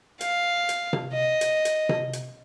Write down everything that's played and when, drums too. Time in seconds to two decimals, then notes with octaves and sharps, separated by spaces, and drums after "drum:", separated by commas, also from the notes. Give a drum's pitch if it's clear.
0.21 F5, drum: hi-hat
0.69 drum: hi-hat
0.93 drum: tom C3
1.13 D#5
1.41 drum: hi-hat
1.65 drum: hi-hat
1.89 drum: tom C3
2.13 drum: hi-hat